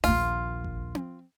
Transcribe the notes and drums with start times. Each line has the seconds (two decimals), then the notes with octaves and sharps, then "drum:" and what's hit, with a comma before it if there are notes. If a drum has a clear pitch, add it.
0.04 A#1 D#2 F4, drum: open hi-hat
0.64 drum: kick G#1
0.95 drum: tom C4